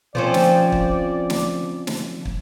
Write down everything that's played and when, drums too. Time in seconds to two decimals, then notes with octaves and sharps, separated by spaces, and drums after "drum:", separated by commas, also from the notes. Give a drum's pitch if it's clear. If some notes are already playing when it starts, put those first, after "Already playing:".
0.15 F3 C4 C#4 D5
0.34 drum: snare
0.72 drum: kick
1.30 drum: snare
1.87 drum: snare
2.25 drum: kick